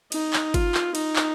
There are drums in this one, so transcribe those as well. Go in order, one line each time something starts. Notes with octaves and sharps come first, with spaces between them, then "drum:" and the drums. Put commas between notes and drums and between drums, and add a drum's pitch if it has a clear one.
D#4, drum: cymbal
drum: clap
F4, drum: kick G1, cymbal
drum: clap
D#4, drum: cymbal
drum: clap